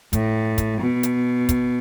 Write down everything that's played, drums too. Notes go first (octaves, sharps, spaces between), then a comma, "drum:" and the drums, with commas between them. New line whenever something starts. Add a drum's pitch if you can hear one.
A2, drum: kick, hi-hat
drum: kick, hi-hat
B2
drum: hi-hat
drum: kick, hi-hat